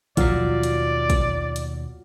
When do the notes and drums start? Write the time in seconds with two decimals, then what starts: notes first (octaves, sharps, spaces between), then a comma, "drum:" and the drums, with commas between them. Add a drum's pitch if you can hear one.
0.17 D#2 B2 F#3 F4 C#5 D5, drum: kick, hi-hat
0.63 drum: hi-hat
1.10 drum: kick, hi-hat
1.56 drum: hi-hat